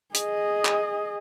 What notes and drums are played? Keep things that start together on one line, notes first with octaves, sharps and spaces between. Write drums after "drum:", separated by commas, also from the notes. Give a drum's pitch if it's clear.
G#4 D#5, drum: hi-hat
drum: clap